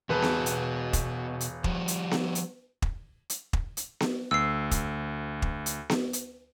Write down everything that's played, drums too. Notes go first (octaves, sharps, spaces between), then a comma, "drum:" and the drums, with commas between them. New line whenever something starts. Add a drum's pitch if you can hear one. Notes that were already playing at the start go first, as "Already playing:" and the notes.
E1 B2 F#4 B4 A5
drum: snare B3
drum: hi-hat
drum: kick, hi-hat
drum: hi-hat
F3 G3, drum: kick
drum: hi-hat
drum: snare B3
drum: hi-hat
drum: kick
drum: hi-hat
drum: kick
drum: hi-hat
drum: snare B3
D2 E6 C7
drum: kick, hi-hat
drum: kick
drum: hi-hat
drum: snare B3
drum: hi-hat